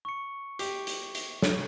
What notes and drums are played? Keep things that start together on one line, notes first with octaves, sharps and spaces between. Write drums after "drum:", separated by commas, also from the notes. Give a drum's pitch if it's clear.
C#6 C#7
G4, drum: hi-hat
drum: hi-hat
drum: hi-hat
drum: snare